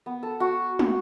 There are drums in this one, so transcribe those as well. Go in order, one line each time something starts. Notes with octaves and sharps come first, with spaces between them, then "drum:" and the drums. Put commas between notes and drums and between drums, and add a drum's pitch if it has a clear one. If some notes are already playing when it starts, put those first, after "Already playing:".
B3
A4
F#4
drum: tom